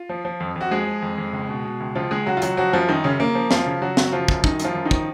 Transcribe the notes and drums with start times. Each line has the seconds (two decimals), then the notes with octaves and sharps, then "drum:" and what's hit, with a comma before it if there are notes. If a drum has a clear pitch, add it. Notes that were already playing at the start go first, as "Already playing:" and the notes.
Already playing: F4
0.09 F3
0.25 F3
0.40 F2
0.56 F2 F#4
0.71 F3 G#3 G#4
0.87 F3
1.02 F2
1.18 F2
1.33 C#2
1.49 B2
1.65 B2
1.80 C#2
1.95 C#2 F3 F4
2.11 C#2 G#3 G#4
2.26 C#2 F#3 F#4
2.37 F4
2.42 C#2 F#3 F#4, drum: hi-hat
2.57 F3 F#3 F#4
2.73 F#2 F3 F4
2.88 F#2 D#3 D#4
3.04 F#2 C#3 C#4
3.20 C#3 A#3
3.35 F3
3.51 F#2 F3 F4, drum: snare
3.66 C#3
3.81 C#3 F#3 F#4
3.97 F#2, drum: snare
4.13 C#3 F3 F4
4.28 F#2, drum: kick
4.44 F#2 D#3 D#4, drum: kick
4.60 F#2 F3 F4, drum: hi-hat
4.75 F#2
4.85 D#3 D#4
4.91 F3, drum: kick